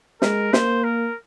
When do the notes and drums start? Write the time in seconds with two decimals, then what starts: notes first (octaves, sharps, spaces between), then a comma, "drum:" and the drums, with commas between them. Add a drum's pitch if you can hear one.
0.22 G#3 A#4, drum: snare
0.53 A#3 C5, drum: snare
0.84 A#4